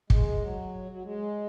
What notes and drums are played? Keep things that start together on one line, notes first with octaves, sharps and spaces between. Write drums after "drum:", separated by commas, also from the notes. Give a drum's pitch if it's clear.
G#3, drum: kick
F#3
F#3
G#3